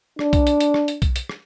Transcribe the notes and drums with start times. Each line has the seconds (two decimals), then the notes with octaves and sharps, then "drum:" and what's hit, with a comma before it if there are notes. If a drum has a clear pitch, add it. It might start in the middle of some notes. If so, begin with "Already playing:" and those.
0.19 D4, drum: rim click
0.33 drum: kick B1, hi-hat
0.47 drum: hi-hat
0.60 drum: hi-hat
0.74 drum: rim click
0.88 drum: hi-hat
1.02 drum: kick B1, hi-hat
1.16 drum: hi-hat
1.29 drum: rim click